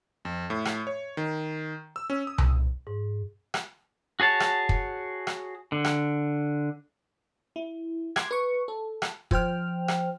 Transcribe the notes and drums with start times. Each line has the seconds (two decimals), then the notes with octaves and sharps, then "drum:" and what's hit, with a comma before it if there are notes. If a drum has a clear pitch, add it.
0.25 F2
0.50 A2
0.65 drum: rim click
0.87 C#5
1.17 D#3
1.96 E6
2.10 C#4
2.27 D#6
2.38 drum: tom C2
2.87 G#2
3.54 drum: rim click
4.20 F#4 G#4 C#5 A5
4.40 drum: rim click
4.69 drum: kick
5.27 drum: rim click
5.72 D3
5.84 drum: rim click
7.56 E4
8.16 C6 D6 G#6, drum: rim click
8.31 B4 C#6
8.68 A4
9.02 drum: rim click
9.31 F3 C5 G5 F6, drum: kick
9.88 drum: rim click